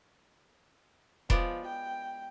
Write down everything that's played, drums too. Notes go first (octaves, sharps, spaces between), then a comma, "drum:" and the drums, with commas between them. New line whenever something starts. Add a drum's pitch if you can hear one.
F3 G#3 B3 D5, drum: kick E1
G5